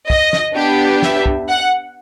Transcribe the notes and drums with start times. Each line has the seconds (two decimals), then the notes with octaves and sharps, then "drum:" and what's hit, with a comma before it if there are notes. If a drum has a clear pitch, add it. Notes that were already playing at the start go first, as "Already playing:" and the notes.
0.10 D#5, drum: kick
0.33 drum: snare
0.56 B3 D4 G4
1.03 E5, drum: snare
1.26 drum: kick
1.48 F#5